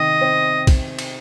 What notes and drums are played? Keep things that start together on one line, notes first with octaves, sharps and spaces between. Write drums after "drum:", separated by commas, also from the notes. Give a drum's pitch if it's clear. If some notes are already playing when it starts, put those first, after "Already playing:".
Already playing: C3 D#3 D#5
C4
drum: kick B1, cymbal
drum: cymbal